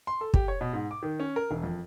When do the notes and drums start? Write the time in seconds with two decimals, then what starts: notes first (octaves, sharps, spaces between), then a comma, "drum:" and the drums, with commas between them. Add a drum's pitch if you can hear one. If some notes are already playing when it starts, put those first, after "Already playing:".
0.07 C6
0.21 A4
0.34 G4, drum: kick
0.48 C#5
0.61 B2
0.73 G#2
0.91 D6
1.03 D#3
1.20 C#4
1.36 A#4
1.51 E1
1.63 F2